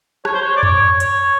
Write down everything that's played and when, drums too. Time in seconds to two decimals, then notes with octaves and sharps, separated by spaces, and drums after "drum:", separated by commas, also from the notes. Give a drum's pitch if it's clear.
0.25 C#5, drum: rim click
0.34 C5
0.42 C#5
0.56 D5
0.63 C#5, drum: tom F2
1.00 C#5, drum: hi-hat